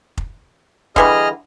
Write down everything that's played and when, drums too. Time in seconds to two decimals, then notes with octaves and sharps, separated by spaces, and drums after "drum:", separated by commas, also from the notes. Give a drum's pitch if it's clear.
0.18 drum: kick F1
0.96 D3 E3 G3 G#4 D#5 F6, drum: kick F1